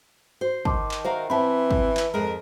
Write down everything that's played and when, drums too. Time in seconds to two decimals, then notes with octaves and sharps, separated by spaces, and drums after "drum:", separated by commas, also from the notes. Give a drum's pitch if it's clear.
0.41 F#4 C5
0.65 D#3 A5 C6 D6, drum: kick
0.91 drum: clap
1.05 F#4 A#4 C5 E5 F5 A#5
1.30 E3 C4 E5 A5 B5
1.71 drum: kick
1.97 drum: clap
2.14 F2 G#3 A#4